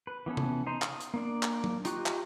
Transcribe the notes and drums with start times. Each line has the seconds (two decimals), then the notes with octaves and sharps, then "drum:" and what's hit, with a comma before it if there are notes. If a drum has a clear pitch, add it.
0.07 B4
0.26 E3 B3 C#4 A4
0.37 drum: tom C3
0.67 D#4 C5
0.82 D#6, drum: clap
1.01 drum: hi-hat
1.14 A#3 D4 D5
1.43 drum: clap
1.64 drum: tom F#3
1.85 D#4 F4 G4 C#6 F#6, drum: hi-hat
2.06 drum: clap